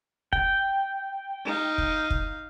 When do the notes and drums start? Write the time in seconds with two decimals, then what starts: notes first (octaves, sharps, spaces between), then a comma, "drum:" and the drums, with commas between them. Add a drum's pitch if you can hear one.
0.33 G5, drum: kick
1.45 D#4 F5
1.78 drum: kick
2.10 drum: kick